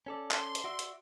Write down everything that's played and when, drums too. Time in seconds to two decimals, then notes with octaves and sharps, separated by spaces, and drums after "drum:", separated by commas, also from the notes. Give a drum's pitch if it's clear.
0.06 C#4 A4 D5
0.31 C6, drum: clap
0.55 drum: hi-hat
0.64 F#4 D5 E5
0.79 drum: hi-hat